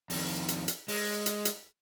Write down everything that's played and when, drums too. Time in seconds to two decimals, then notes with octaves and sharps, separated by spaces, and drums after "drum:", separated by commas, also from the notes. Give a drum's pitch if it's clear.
0.10 F2 D#3, drum: open hi-hat
0.48 drum: hi-hat
0.68 drum: hi-hat
0.88 G#3, drum: open hi-hat
1.26 drum: hi-hat
1.45 drum: hi-hat